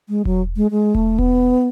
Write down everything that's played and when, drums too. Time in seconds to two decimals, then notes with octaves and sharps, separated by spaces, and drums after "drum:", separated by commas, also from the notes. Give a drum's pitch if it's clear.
0.09 G#3
0.25 F#3, drum: kick E1
0.57 G#3
0.71 G#3
0.95 A3, drum: kick E1
1.19 B3, drum: kick E1